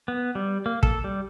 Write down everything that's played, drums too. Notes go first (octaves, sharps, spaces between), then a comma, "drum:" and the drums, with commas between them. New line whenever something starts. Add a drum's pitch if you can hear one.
B3
G3
A#3
A4, drum: kick
G3